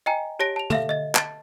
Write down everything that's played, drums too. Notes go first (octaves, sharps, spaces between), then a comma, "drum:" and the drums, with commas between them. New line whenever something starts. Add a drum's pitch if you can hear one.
D#5 G5 G#5 A#5
G4 C#5 A5 A#6 D7
A5 F7
A4 E5 F5, drum: tom
D#5 A6
A5 A6, drum: clap